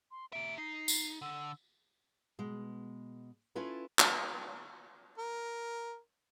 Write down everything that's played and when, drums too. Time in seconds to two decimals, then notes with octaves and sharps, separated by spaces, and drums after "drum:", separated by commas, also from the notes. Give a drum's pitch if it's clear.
0.11 C6
0.33 A#3 E5 D7
0.58 D#4 C7
0.88 drum: tambourine
1.22 D3 E6
2.39 B2 G#3
3.55 C#4 E4 F4 A4 B4 C#5
3.99 drum: clap
5.18 A#4